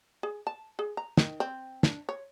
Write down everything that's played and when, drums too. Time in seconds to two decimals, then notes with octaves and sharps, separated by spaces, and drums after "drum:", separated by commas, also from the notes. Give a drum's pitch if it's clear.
0.23 G#4
0.47 A5
0.79 G#4
0.97 A#5
1.17 D#3, drum: snare
1.40 C4
1.83 D4, drum: snare
2.09 C#5